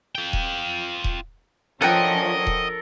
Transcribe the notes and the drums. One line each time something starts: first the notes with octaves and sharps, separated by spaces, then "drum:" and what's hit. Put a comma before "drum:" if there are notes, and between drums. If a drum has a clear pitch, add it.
F4 G5
drum: kick D#1
drum: kick D#1
F3 C#4 D4 A4 A#4 D#5 F#5 G5
drum: kick D#1